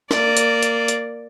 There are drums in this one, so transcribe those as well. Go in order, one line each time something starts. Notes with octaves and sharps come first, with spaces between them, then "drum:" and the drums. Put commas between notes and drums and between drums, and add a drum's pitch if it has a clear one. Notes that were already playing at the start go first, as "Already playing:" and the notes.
A#3 D5, drum: snare
drum: hi-hat
drum: hi-hat
drum: hi-hat